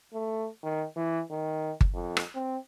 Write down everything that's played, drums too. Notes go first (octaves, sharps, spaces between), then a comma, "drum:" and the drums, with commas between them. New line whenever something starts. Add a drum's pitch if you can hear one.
A3
D#3
E3
D#3
drum: kick G1
F2
drum: rim click
C4